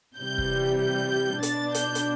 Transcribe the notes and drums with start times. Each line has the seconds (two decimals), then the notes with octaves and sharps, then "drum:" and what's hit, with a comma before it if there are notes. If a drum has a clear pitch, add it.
0.18 C3 E3 G3 G6
0.38 drum: kick
0.80 G6
1.43 B2 B3 D4 A6, drum: hi-hat
1.74 G6, drum: hi-hat
1.95 drum: hi-hat